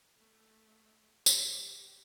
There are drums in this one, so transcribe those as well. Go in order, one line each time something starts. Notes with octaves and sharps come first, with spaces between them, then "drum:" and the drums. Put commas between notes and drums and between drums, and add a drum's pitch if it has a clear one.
A3
G4, drum: tambourine